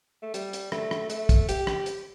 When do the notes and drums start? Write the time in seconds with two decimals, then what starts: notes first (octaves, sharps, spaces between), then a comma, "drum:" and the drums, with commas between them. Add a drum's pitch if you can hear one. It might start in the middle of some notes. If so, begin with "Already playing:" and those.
0.22 A3
0.34 G3, drum: hi-hat
0.53 drum: hi-hat
0.72 A3, drum: rim click
0.91 drum: rim click
1.10 A3, drum: hi-hat
1.29 drum: kick, hi-hat
1.49 G4, drum: hi-hat
1.67 drum: rim click
1.86 drum: hi-hat